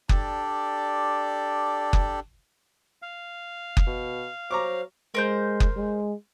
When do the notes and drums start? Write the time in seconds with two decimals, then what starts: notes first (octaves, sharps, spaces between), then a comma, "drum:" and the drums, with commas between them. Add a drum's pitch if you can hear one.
0.09 D4 G4 A4 D5, drum: kick F#1
1.93 drum: kick F#1
3.02 F5
3.77 drum: kick F#1
3.87 B2
4.51 F#3 C5 A#5 C#6 D6
5.15 G#3 A#4 C5 G6
5.60 drum: kick F#1
5.77 G#3